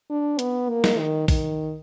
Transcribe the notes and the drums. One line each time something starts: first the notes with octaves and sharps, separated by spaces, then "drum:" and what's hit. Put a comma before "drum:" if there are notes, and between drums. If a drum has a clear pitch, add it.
D4
B3, drum: hi-hat
A#3
drum: snare
D#3
D#3, drum: kick, open hi-hat